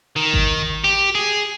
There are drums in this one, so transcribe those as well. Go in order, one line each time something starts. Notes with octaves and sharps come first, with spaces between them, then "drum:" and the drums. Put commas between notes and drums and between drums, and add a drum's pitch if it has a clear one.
D#3
drum: kick G#1
G4
G#4